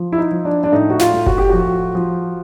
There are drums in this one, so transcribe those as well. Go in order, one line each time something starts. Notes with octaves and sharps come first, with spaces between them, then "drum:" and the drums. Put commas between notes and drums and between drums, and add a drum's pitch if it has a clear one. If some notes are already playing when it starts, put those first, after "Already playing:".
Already playing: F3
E4
D#4
F3
D4
D4
A2 D#4
F#4
F4, drum: snare
A2
F#4, drum: kick F#1
G4
F3 F#4
F3